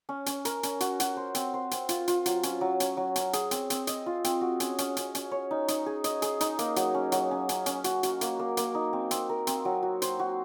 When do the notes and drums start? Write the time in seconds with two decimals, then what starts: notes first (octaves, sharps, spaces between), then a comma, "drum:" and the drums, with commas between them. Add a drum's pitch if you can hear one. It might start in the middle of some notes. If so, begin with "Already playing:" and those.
0.09 C#4
0.26 C#4, drum: hi-hat
0.45 A#4, drum: hi-hat
0.63 C#4, drum: hi-hat
0.80 F#4, drum: hi-hat
1.00 F#4, drum: hi-hat
1.17 C5
1.35 C4, drum: hi-hat
1.54 C5
1.71 C4, drum: hi-hat
1.89 F4, drum: hi-hat
2.08 F4, drum: hi-hat
2.26 F#3, drum: hi-hat
2.43 C#4, drum: hi-hat
2.61 F#3
2.80 C#4, drum: hi-hat
2.97 F#3
3.16 C#4, drum: hi-hat
3.33 G#4, drum: hi-hat
3.51 C4, drum: hi-hat
3.70 C4, drum: hi-hat
3.87 D#5, drum: hi-hat
4.06 F4
4.24 C4, drum: hi-hat
4.41 F#4
4.60 C#4, drum: hi-hat
4.78 C#4, drum: hi-hat
4.97 C#4, drum: hi-hat
5.15 C#4, drum: hi-hat
5.31 C#5
5.51 D#4
5.68 D#4, drum: hi-hat
5.86 G#4
6.04 D#5, drum: hi-hat
6.22 G#4, drum: hi-hat
6.40 D#4, drum: hi-hat
6.59 A#3, drum: hi-hat
6.76 F#3, drum: hi-hat
6.94 C#4
7.12 F#3, drum: hi-hat
7.31 C#4
7.49 C#4, drum: hi-hat
7.66 C#4, drum: hi-hat
7.84 F#4, drum: hi-hat
8.03 F#4, drum: hi-hat
8.21 A#3, drum: hi-hat
8.39 A#3
8.57 A#3, drum: hi-hat
8.75 D#4
8.93 C4
9.11 C4, drum: hi-hat
9.29 A#4
9.47 C4, drum: hi-hat
9.65 F#3
9.83 F#4
10.02 C5, drum: hi-hat
10.19 F#4